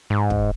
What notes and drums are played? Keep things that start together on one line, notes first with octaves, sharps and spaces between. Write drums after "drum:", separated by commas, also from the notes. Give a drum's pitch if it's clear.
G#2
drum: kick